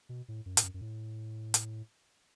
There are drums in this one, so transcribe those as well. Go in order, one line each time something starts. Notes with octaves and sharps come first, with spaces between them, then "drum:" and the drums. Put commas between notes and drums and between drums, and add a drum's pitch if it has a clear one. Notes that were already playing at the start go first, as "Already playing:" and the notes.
B2
A2
F#2
A2, drum: hi-hat
F#2
F#2
A2
drum: hi-hat